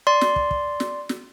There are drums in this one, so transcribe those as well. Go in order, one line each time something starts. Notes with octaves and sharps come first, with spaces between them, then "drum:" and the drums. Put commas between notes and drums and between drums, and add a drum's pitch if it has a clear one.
D5 C6
drum: snare
drum: kick
drum: kick
drum: snare
drum: snare